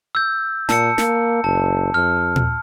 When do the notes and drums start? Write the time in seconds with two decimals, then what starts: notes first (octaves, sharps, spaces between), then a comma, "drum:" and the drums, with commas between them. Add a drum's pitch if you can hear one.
0.15 E6 G6
0.69 A#2 A5 E6 C#7, drum: snare
0.98 A#3, drum: snare
1.44 F#1 A5
1.94 F2 F6
2.36 drum: tom A#2